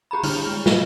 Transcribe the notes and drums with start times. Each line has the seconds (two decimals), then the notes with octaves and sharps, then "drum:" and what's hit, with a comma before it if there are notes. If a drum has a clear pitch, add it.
0.11 G4 G#4 A#5 B5
0.23 D3 G3 D4 E4 F6 F7, drum: open hi-hat
0.47 G#3
0.66 F#3 F4 B4 D#5, drum: snare